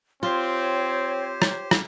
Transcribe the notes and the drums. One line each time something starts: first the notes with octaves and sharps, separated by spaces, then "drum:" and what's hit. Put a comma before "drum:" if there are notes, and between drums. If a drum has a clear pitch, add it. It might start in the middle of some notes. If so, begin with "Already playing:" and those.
C4 F4 G4 C5 C#5
drum: rim click
drum: rim click